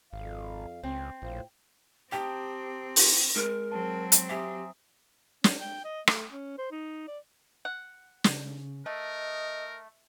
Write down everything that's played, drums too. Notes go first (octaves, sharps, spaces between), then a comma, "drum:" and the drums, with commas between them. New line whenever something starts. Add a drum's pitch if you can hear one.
G#1 F2 F5
C#2 C4
A#1 A2 F4 C5
C4 G4 G5 A5 A#5 D#6
drum: open hi-hat
G#3 A#4
F#3 C4 G#4 A5
drum: hi-hat
G4 E5 G#5 A#5 D#6
C#4, drum: snare
G5
D#5
A3, drum: rim click
C#4
C5
D#4
D5
F#5
C#3, drum: snare
A3 A#4 D#5